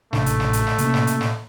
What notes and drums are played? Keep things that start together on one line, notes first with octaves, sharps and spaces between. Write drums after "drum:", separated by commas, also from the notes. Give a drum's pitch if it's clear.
A1 C3 A3 D4, drum: snare
drum: hi-hat
drum: snare
drum: hi-hat
drum: snare
C3 A#3 C#4, drum: hi-hat
drum: snare
drum: hi-hat
drum: snare